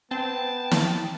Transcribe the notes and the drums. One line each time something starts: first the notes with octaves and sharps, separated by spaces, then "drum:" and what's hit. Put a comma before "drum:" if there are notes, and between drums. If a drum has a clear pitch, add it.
B3 C4 G5 A5
drum: snare